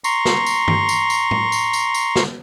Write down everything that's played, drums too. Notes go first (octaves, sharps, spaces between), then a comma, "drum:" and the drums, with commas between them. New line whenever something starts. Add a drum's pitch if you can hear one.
A#5 C6 C#6, drum: tambourine
drum: snare
drum: tambourine
drum: tom G2
drum: tambourine
drum: tambourine
drum: tom A2
drum: tambourine
drum: tambourine
drum: tambourine
drum: snare